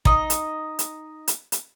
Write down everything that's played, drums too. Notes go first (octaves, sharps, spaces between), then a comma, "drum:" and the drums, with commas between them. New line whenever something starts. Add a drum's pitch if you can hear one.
D#4 D#5, drum: kick
drum: hi-hat
drum: hi-hat
drum: hi-hat
drum: hi-hat